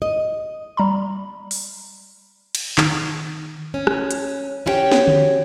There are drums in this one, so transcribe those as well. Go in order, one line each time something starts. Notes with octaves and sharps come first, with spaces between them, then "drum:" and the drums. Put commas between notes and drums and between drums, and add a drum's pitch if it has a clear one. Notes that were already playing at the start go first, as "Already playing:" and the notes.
D#5
G3 A#5 B5
drum: open hi-hat
drum: cymbal
D#3, drum: clap
C#4
drum: rim click
drum: hi-hat
C#4 E4 F#4 G4 C#5 G5
drum: snare
drum: tom D3